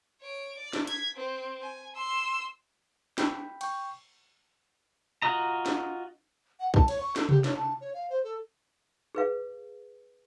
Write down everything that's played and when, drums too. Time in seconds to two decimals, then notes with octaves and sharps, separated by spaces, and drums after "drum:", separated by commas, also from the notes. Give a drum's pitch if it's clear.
0.21 C#5 D7
0.58 D5
0.73 drum: snare
0.87 G#6 B6, drum: hi-hat
1.17 C4
1.62 G#5
1.96 C6 E6
3.18 G5 B5, drum: snare
3.61 G5 C#6, drum: cymbal
5.22 F4 F#4 D#5 A#5
5.66 drum: snare
6.59 F#5
6.74 A5, drum: kick
6.88 C#5, drum: cymbal
7.00 C#6
7.16 A4, drum: snare
7.29 G4, drum: tom C3
7.44 C#5, drum: snare
7.56 A5
7.81 C#5
7.94 F5
8.10 C5
8.24 A4
9.15 G#4 B4 F5